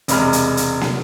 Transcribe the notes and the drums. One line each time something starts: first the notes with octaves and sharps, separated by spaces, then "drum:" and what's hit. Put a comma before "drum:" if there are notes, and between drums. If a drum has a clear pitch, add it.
E1 C3 G#3 B5 F6, drum: hi-hat
drum: hi-hat
drum: hi-hat
drum: snare